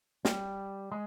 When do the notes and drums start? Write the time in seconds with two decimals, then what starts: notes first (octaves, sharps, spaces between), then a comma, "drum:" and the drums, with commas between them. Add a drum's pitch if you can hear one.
0.25 G3, drum: snare
0.92 G#3